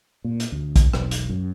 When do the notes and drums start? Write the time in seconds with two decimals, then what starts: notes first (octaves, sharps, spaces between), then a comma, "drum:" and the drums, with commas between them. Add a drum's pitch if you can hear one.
0.24 A#2
0.40 drum: hi-hat
0.52 D2
0.76 drum: kick A#1, hi-hat
0.94 E1 B1, drum: rim click
1.11 drum: hi-hat
1.30 F#2